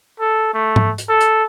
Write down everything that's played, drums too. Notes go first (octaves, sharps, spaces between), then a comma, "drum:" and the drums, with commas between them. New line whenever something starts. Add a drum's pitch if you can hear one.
A4
A3
drum: tom G#2
drum: hi-hat
A4
drum: hi-hat